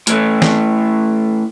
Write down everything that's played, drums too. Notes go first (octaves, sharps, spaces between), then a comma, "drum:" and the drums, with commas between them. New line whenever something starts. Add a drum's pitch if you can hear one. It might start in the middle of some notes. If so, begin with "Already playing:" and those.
A2 E3 A3, drum: hi-hat
drum: snare